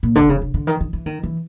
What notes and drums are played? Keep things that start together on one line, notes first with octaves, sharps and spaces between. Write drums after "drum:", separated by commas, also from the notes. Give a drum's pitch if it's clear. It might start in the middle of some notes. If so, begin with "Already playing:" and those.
A#2
D3, drum: kick
C#3
C#3
D3
D#3, drum: hi-hat
D#3
E3
D#3
E3